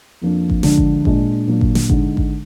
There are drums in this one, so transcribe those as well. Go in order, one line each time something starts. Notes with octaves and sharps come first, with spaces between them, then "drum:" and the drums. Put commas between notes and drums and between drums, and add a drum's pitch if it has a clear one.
F2 F3 A#3 D4
drum: kick G#1
D2 D3 F3 G#3 D4, drum: snare
drum: kick G#1
A#2 G#3 D4, drum: kick G#1
A#2 F#3 A#3 D4
drum: kick G#1
drum: snare
D3 G#3 D#4, drum: kick G#1
drum: kick G#1